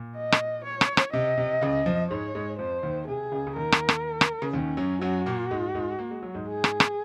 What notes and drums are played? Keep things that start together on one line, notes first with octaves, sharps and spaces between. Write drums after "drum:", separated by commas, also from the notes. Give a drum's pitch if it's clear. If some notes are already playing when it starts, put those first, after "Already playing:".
Already playing: A#2
D#5
drum: rim click
C#5
drum: rim click
drum: rim click
C3 D#5
C3
C#2 C#3
F2 F3
G#2 G#3 C#5
G#2 G#3
F2 F3 C5
D#2 D#3
C3 G#4
C#2 C#3
C#3
D#2 D#3 A#4
drum: rim click
drum: rim click
drum: rim click
C#3
D#2 D#3 C#4
F#2 F#3
F#2 F#3 F#4
A#2 A#3
G#2 G#3
G#2 G#3
A#3
G#3
F#3
G#2 G#3
G#4
drum: rim click
drum: rim click